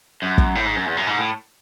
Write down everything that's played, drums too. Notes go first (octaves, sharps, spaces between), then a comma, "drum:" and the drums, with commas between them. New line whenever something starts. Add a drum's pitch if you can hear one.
F#2
drum: kick
A2
G#2
F#2
E2
F#2
G#2
A2